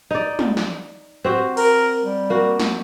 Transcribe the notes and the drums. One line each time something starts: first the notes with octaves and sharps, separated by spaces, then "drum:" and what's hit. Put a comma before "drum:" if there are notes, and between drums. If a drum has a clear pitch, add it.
D#4 D5
drum: tom
drum: snare
C4 F#4 G4
A#4, drum: cymbal
G3
A#3 F#4
drum: snare